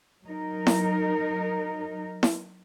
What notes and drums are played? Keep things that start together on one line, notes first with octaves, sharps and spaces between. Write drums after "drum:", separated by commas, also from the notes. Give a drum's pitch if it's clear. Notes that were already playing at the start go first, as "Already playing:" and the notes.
F#3 D#4 A#4
drum: snare E4
drum: snare E4